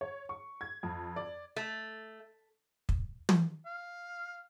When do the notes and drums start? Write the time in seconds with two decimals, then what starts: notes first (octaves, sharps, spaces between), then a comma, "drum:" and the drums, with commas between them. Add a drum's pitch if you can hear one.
0.01 C#5
0.29 C#6
0.61 G#6
0.83 F2
1.16 D5
1.56 A3
2.89 drum: kick
3.29 drum: tom
3.66 F5